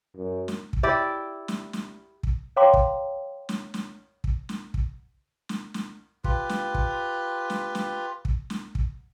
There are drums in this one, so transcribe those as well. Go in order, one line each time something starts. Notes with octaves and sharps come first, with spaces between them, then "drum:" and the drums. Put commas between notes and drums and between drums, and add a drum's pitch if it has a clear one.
F#2
drum: snare
drum: kick
E4 G4 D5
drum: snare
drum: snare
drum: kick
C#5 F5 G5 A#5 C6 D6
drum: kick
drum: snare
drum: snare
drum: kick
drum: snare
drum: kick
drum: snare
drum: snare
F4 G4 B4, drum: kick
drum: snare
drum: kick
drum: snare
drum: snare
drum: kick
drum: snare
drum: kick